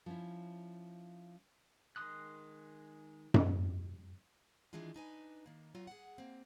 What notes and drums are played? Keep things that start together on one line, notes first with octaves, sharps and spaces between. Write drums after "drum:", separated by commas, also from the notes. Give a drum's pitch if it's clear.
F3 C#4 E4
D#3 G#3 C6 D#6 F#6
drum: tom F#2
D#3 E3 G#3 D4 F4
D4 D#4 B4 G#5
D#3 A#3
F#3 C4 F4 F#4
G#4 F#5
A#3 C4